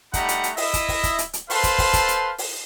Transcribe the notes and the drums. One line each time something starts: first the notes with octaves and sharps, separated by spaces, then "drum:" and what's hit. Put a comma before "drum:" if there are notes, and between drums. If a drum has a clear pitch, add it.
G3 A3 D#4 F#5 A#5 B5, drum: kick, hi-hat
drum: hi-hat
drum: hi-hat
E4 D#5 E5, drum: open hi-hat
drum: kick, hi-hat
drum: kick, open hi-hat
drum: kick, hi-hat
drum: hi-hat
drum: hi-hat
A4 B4 C5 F5 A5 C6, drum: open hi-hat
drum: kick, hi-hat
drum: kick, open hi-hat
drum: kick, hi-hat
drum: hi-hat
drum: open hi-hat